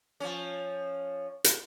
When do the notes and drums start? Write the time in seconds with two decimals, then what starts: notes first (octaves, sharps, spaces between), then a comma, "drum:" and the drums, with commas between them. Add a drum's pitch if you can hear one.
0.20 F3 C#4
1.44 drum: hi-hat